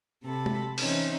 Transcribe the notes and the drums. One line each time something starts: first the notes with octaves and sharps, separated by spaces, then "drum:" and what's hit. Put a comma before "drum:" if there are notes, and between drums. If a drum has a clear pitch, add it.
C3 A4 B5
drum: tom
E3 C4 C#4 D#4, drum: open hi-hat